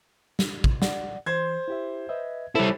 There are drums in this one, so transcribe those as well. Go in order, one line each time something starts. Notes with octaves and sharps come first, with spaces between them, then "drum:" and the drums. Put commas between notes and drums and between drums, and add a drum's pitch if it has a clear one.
drum: snare
drum: kick
D5 F#5, drum: snare
E3 C5 C6 G#6
E4 G4 E5
B4 D#5 E5
G3 E4 A4 C5 C#5